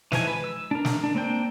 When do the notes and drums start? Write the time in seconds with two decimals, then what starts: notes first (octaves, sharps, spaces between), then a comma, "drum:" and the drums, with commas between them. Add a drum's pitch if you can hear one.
0.12 E3 F3 D#4 G#5, drum: snare
0.27 B4
0.44 E6
0.71 D4 A#4
0.85 drum: snare
1.04 D4
1.15 A#3 C4 D4 G5